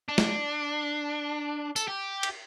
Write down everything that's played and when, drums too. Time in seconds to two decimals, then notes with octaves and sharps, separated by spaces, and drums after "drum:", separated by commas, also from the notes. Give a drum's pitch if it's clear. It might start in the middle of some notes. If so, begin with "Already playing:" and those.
0.08 D4
0.18 drum: snare
1.76 A4, drum: tambourine
1.88 G4
2.23 drum: cymbal